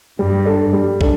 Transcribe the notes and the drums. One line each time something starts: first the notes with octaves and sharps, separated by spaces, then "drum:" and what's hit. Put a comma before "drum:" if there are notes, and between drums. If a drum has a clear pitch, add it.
G2 G3
D4 A4
G3
D4 A4, drum: kick